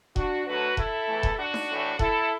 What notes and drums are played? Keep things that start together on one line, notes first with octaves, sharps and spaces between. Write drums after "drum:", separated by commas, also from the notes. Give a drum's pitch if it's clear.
D4 F#4, drum: kick E1
D2 D3 F#3 A3 F#4 B4
E4 A4, drum: kick E1
E2 E3 A3
drum: kick E1
D4 F#4
drum: snare D#4
A2 E3 A3
E4 A4, drum: kick E1